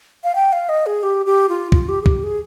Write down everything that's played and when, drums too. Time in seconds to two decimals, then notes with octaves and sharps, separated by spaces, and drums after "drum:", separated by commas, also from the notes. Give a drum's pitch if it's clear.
0.24 F5
0.35 G5
0.52 F5
0.69 D#5
0.86 G#4
1.03 G4
1.26 G4
1.49 F4
1.72 F4, drum: kick
1.89 G4
2.02 G#4
2.06 G4, drum: kick
2.23 G#4